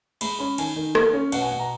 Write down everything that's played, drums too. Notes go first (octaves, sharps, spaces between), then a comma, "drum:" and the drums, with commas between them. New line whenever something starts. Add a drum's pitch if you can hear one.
G#3 B5, drum: cymbal
C#4 B5
D#3 G#5, drum: cymbal
D#3
A#3, drum: rim click
C#4
B2 F#5, drum: cymbal
G#5
B2 F#5
A#5